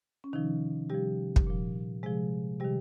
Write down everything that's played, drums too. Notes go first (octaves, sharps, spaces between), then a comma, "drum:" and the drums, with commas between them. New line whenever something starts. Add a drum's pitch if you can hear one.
C#4
C3 D#3 F3 D#4
C3 F3 G3 G4
drum: kick
A#2 F3
C3 F3 G#3 G#4
C3 D#3 G3 G4